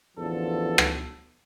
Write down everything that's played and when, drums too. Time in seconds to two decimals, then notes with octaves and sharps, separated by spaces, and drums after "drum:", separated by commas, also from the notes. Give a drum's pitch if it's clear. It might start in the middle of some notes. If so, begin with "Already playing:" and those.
0.17 A1 E2 D3 F3 A4
0.78 drum: rim click